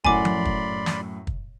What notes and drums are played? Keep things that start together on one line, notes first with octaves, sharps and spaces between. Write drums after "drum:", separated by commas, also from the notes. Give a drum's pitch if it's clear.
F#2 A2 D5 F#5 G#5 B5 C6 D6, drum: kick
drum: tom F3
drum: kick
drum: snare
drum: kick